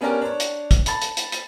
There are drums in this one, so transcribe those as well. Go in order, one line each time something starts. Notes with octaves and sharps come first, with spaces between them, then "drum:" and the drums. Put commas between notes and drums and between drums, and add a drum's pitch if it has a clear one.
B3 C#4 D4 G4 A#4 C#5
D4 C#5
drum: hi-hat
drum: kick, hi-hat
A5 B5 A6, drum: hi-hat
drum: hi-hat
drum: hi-hat
drum: hi-hat